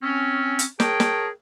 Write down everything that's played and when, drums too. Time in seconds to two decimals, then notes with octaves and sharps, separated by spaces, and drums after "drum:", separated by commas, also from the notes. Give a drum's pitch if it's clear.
0.03 C4 C#4
0.59 drum: hi-hat
0.80 G#4 A#4 C#5 G5 A5, drum: snare
1.00 drum: snare